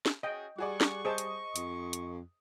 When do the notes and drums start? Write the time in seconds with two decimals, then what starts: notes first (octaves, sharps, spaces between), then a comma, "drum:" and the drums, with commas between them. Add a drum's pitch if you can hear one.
0.06 drum: snare
0.23 C#4 F#4 G#4 D#5 G5
0.58 G3 F#4 G#4 D5 C#6
0.81 drum: snare
1.05 G#4 C5 D#5 A5
1.18 drum: hi-hat
1.56 F2, drum: hi-hat
1.93 drum: hi-hat